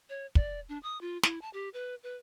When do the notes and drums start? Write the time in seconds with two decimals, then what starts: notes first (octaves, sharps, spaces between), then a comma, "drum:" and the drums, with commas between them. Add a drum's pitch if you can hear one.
0.09 C#5
0.35 D5, drum: kick
0.69 D4
0.83 D#6
1.01 F4
1.23 E4, drum: snare
1.41 A5
1.53 G4
1.74 B4
2.03 B4